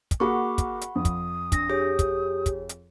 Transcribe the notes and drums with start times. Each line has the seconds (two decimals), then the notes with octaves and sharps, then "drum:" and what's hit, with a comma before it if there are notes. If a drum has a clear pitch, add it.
0.11 drum: kick, hi-hat
0.20 A#3 F#4 G#4 F#5 B5 C#6 D6
0.58 drum: kick, hi-hat
0.81 drum: hi-hat
0.96 F2 D#6
1.05 drum: kick, hi-hat
1.52 D4 A#6, drum: kick, hi-hat
1.70 G4 G#4 C#5
1.99 drum: kick, hi-hat
2.46 drum: kick, hi-hat
2.69 drum: hi-hat